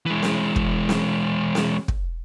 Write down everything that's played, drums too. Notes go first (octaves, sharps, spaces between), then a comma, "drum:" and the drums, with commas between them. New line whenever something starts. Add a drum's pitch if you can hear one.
E3 G#3
drum: snare
drum: kick
drum: snare
drum: snare
drum: kick